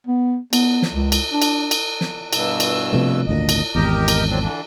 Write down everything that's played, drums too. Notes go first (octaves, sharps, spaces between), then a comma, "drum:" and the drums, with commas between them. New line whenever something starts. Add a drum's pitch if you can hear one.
B3
B3, drum: cymbal
drum: snare
C#2
drum: cymbal
D4
drum: cymbal
drum: cymbal
drum: snare
G2 B2 E6, drum: cymbal
drum: cymbal
C3 F3 A3
G#1 D2 A#2 D#5
drum: cymbal
G#1 E2 G4 A#4 D#5
drum: cymbal
F#3 C4 D4
D3 E3 D4